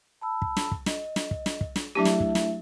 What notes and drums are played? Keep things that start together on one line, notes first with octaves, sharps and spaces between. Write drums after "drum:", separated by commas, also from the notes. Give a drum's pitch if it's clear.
A5 B5 E6
drum: kick
drum: snare
drum: kick
D#5, drum: snare
drum: snare
drum: kick
drum: snare
drum: kick
drum: snare
F#3 A3 D4 E4 G4 E5
drum: snare
drum: kick
drum: snare